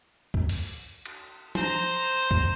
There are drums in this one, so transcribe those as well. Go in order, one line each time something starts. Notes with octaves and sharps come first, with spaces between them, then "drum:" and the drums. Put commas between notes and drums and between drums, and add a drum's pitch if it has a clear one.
drum: kick
drum: open hi-hat
drum: cymbal
C5 A#5, drum: tom F3
drum: kick